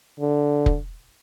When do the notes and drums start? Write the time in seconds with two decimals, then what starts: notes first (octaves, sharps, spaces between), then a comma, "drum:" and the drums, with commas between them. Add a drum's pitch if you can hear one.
0.20 D3
0.66 drum: kick